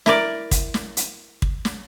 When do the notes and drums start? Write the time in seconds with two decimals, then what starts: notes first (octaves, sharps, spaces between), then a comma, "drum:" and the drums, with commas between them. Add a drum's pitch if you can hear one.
0.06 E4 A#4 D5, drum: snare
0.51 drum: kick, hi-hat
0.74 drum: snare
0.97 drum: hi-hat
1.42 drum: kick
1.65 drum: snare